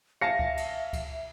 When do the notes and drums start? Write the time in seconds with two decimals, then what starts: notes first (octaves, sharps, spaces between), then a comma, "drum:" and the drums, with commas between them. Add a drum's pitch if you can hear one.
0.21 E5 F5 G#5 A5 A#6 C#7
0.39 drum: kick C#2
0.57 drum: cymbal
0.93 drum: kick C#2, cymbal